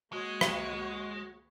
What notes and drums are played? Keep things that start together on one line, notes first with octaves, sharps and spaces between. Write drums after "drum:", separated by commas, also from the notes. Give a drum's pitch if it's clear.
G#3 A#3 F#4 C#5
drum: rim click